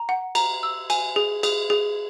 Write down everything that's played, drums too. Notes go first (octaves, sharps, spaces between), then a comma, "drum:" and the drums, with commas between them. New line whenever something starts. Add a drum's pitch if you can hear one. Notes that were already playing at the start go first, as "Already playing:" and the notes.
Already playing: A#5
F#5
A#5, drum: cymbal
E6
G#5, drum: cymbal
G#4
G#4, drum: cymbal
G#4